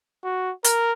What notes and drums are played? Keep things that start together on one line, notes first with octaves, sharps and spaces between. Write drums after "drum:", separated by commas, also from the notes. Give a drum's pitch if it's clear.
F#4
A#4, drum: hi-hat